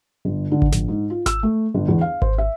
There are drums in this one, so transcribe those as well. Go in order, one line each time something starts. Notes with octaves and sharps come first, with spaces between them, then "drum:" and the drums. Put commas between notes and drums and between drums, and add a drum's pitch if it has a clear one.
G1
D3
drum: kick G#1
A#1, drum: snare G#1
G#2
F4
E6, drum: snare G#1
A3
G1
E2
F5
C5, drum: kick G#1
E5